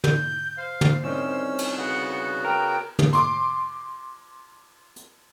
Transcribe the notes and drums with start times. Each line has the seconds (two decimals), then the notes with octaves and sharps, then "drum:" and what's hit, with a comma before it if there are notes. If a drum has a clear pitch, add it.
0.04 G6, drum: tom
0.58 C5 F5
0.81 drum: tom
1.04 C2 D#3 C#4 E6
1.58 drum: cymbal
1.77 C#3 B3 F#4 F#5
2.45 A#4 G5
2.99 drum: tom
3.13 C6 D6, drum: hi-hat
4.96 drum: hi-hat